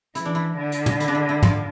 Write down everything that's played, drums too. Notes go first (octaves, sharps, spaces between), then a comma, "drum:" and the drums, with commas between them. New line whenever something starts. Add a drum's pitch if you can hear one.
E3 E4, drum: hi-hat
D4
E4
D3
drum: hi-hat
drum: tom
E4, drum: hi-hat
D4
E4
E4
F4, drum: tom